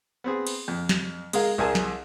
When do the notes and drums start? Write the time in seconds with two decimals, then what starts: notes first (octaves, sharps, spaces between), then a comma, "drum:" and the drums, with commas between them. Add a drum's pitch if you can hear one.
0.24 B3 C4 G#4
0.47 drum: cymbal
0.68 F2
0.89 drum: snare
1.33 G#3 G#4 A#4 F5, drum: cymbal
1.58 C2 G#4 A#4 G#5 A5
1.75 drum: snare